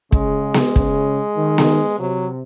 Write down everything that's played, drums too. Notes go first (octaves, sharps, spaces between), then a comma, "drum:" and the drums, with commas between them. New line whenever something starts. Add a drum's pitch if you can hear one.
C#3 G#3, drum: kick
drum: snare B3
C#3, drum: kick
D#3
drum: snare B3
C3 F#3